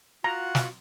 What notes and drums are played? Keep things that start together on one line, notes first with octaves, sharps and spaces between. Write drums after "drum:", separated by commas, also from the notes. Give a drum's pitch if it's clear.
F4 F#4 F#5 A#5
drum: snare